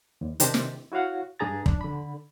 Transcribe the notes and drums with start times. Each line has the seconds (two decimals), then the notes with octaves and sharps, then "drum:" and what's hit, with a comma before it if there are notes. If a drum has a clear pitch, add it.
0.21 D#2
0.40 C3 D#3 C4 D4 G4, drum: hi-hat
0.54 drum: snare
0.92 E4 F#4 C#5 F5 F#5
1.39 G2 D4 G#4 A#5 A6
1.66 D4, drum: kick
1.81 D3 B5